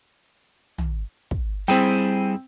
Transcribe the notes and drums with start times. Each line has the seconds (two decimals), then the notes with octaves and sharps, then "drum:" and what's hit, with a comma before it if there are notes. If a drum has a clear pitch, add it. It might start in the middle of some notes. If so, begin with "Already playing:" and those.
0.78 drum: tom
1.31 drum: kick
1.68 G3 C4 E4 G#4 G5, drum: hi-hat